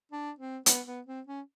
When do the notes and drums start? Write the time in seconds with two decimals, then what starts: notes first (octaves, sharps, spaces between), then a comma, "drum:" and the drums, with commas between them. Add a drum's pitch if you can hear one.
0.11 D4
0.39 C4
0.66 B3, drum: hi-hat
0.86 B3
1.06 C4
1.27 C#4